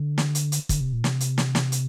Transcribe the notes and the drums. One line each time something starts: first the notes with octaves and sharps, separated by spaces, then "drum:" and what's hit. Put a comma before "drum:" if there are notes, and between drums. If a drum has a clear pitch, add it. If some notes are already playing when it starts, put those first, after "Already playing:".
Already playing: D3
drum: snare
drum: hi-hat
drum: hi-hat
D3, drum: kick, hi-hat
C3
A#2
C3, drum: snare
drum: hi-hat
drum: snare
drum: snare
drum: hi-hat